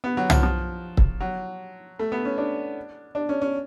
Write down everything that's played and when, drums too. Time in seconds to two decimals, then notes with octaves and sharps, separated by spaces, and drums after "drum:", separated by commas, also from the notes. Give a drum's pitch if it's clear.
0.04 B3
0.17 F#3
0.30 F3, drum: tom
0.43 F3
0.97 drum: kick
1.20 F#3
1.99 A3
2.12 B3
2.25 C#4
2.38 D4
3.15 D4
3.29 C#4
3.42 C#4